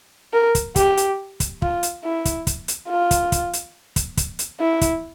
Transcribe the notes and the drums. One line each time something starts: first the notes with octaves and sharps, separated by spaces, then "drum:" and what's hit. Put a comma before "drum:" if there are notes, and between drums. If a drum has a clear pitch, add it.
A#4
drum: kick, hi-hat
G4, drum: kick, hi-hat
drum: hi-hat
drum: kick, hi-hat
F4, drum: kick
drum: hi-hat
E4
drum: kick, hi-hat
drum: kick, hi-hat
drum: hi-hat
F4
drum: kick, hi-hat
drum: kick, hi-hat
drum: hi-hat
drum: kick, hi-hat
drum: kick, hi-hat
drum: hi-hat
E4
drum: kick, hi-hat